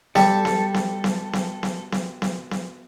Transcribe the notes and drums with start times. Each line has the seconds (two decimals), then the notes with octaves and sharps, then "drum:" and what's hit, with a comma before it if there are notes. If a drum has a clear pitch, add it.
0.15 G3 A4, drum: snare B3
0.45 drum: snare B3
0.74 drum: snare B3
1.04 drum: snare B3
1.33 drum: snare B3
1.63 drum: snare B3
1.92 drum: snare B3
2.22 drum: snare B3
2.51 drum: snare B3